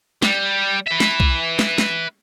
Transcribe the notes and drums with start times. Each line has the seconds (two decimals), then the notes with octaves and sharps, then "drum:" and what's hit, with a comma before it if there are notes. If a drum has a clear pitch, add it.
0.22 G3, drum: snare
0.87 B4 E5
1.00 drum: snare
1.20 drum: kick B1
1.59 drum: snare
1.78 drum: snare